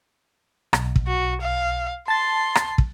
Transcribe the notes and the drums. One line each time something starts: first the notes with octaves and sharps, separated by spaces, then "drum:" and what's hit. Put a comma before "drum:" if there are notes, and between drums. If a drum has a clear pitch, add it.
B1, drum: rim click
drum: kick
F#4
F5
A5 C6 A6
drum: rim click
drum: kick